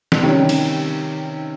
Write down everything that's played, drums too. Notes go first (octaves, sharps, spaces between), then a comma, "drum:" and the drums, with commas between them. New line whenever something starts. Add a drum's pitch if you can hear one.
drum: snare
C3 D#3 G3 C#4
drum: cymbal